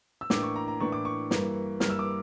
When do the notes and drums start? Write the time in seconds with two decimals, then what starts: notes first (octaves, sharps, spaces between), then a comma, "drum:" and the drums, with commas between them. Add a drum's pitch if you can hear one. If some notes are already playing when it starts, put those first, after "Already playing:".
0.21 E6
0.30 A2 E3 A#3 D4 D6, drum: snare
0.43 C#6
0.56 A#5
0.68 A#5
0.80 A2 E3 A#3 D4 C#6
0.92 D6
1.05 C#6
1.31 G2 E3 A#3, drum: snare
1.80 G2 E3 A#3 F6, drum: snare
1.90 E6
1.99 D6